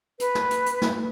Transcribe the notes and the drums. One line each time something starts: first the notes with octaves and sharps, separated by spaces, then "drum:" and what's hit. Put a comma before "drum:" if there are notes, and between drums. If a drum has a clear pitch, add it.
B4, drum: hi-hat
drum: snare
drum: hi-hat
drum: hi-hat
drum: snare